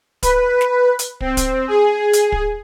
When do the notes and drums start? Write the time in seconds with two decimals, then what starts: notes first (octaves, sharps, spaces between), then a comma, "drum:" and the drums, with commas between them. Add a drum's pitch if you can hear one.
0.23 B4, drum: kick, hi-hat
0.61 drum: snare
0.99 drum: hi-hat
1.21 C4, drum: kick
1.37 drum: kick, hi-hat
1.68 G#4
2.13 drum: hi-hat
2.32 drum: kick